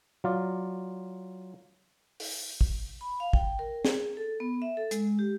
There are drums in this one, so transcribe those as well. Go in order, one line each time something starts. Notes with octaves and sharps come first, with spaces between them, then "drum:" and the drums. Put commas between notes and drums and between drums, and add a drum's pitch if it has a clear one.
F#3 F4 D5
drum: open hi-hat
drum: kick
B5
F5
G5, drum: kick
A#4
G#4, drum: snare
A4
B3
E5
A4
G#3, drum: hi-hat
G4